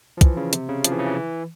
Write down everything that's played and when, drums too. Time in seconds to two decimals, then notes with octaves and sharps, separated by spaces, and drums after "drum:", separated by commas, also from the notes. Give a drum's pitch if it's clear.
0.17 F3
0.21 E3, drum: kick, hi-hat
0.37 C#3
0.53 C3, drum: hi-hat
0.69 C#3
0.84 F3, drum: hi-hat
0.92 E3
0.99 C#3
1.06 E3